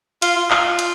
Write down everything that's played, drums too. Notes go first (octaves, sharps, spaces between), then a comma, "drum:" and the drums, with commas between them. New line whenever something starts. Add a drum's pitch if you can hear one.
F4, drum: hi-hat
F4
F4, drum: clap
drum: hi-hat